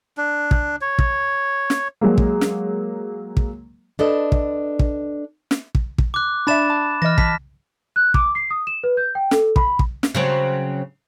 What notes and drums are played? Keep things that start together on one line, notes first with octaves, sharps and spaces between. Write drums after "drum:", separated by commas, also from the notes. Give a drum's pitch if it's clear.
D4
drum: kick
C#5
drum: kick
drum: snare
F#3 G#3 A#3
drum: kick
drum: snare
drum: kick
D4 A4 B4 D#5
drum: kick
drum: kick
drum: snare
drum: kick
drum: kick
D6 F#6
D4 D5 E5 B5 A6 E7
A5
E3 D#5 F6 A#6
A5 B6, drum: kick
F#6
D6, drum: kick
C7
D#6
E7
B4
G6
G5
A4, drum: snare
B5, drum: kick
drum: kick
drum: snare
C#3 F#3 C4